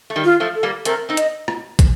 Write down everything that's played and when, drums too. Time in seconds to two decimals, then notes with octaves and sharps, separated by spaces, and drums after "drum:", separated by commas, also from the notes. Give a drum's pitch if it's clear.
0.10 A3
0.16 D#3 G3
0.24 F4
0.40 F3 A3
0.55 A4
0.63 G3 A#3
0.85 A3 C4 A#4, drum: hi-hat
1.09 C4 D#4
1.17 D#5, drum: hi-hat
1.48 drum: rim click
1.79 drum: kick, hi-hat